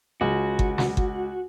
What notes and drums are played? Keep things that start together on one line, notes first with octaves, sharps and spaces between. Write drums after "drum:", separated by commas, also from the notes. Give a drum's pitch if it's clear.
C#2 F#4
drum: kick G1
drum: snare
drum: kick G1